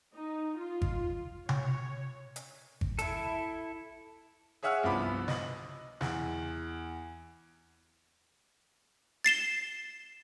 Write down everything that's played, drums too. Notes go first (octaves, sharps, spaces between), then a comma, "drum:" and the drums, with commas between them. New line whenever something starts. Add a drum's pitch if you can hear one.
D#4
F4
drum: kick G#1
C#5, drum: tom C3
drum: hi-hat
drum: kick G#1
E4 A4, drum: hi-hat
G#4 C#5 E5 F#5 E6 F6
C2 G2 F3 B3 B5 D6
D#5 F#7, drum: snare
E2, drum: snare
A6 C7 E7 G7